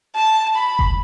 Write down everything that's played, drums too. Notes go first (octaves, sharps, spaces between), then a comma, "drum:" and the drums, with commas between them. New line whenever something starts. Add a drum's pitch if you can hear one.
A5
B5
drum: kick F#1